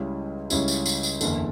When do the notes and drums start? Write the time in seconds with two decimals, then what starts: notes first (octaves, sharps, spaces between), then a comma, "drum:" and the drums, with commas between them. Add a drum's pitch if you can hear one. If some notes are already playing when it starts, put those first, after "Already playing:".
Already playing: C#2 C#3 G3 C#4 E4
0.50 C#2 C#3 G3 C#4 E4, drum: tambourine
0.68 drum: tambourine
0.86 drum: tambourine
1.03 drum: tambourine
1.21 F#1 E2 D3, drum: tambourine